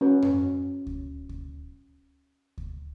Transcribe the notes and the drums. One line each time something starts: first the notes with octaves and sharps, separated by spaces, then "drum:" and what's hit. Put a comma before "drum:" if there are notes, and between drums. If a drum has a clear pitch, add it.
C#4 F#4 B4
drum: tom F#2
drum: kick D2
drum: kick D2
drum: kick D2